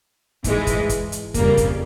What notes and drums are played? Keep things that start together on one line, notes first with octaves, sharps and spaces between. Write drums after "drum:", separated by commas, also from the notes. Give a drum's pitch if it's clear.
G#2 E3 G#3, drum: kick, hi-hat
drum: kick, hi-hat
drum: kick, hi-hat
drum: hi-hat
F2 C#3 G3 A#3, drum: kick, hi-hat
drum: kick, hi-hat